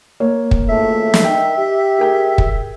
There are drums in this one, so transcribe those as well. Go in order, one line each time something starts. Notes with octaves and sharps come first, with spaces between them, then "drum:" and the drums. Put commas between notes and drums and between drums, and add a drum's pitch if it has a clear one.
A#3 C#5
drum: kick
G#1 C#2 A3 E5
drum: snare
D#3 G5
G4
G#4 A#4 G5
drum: kick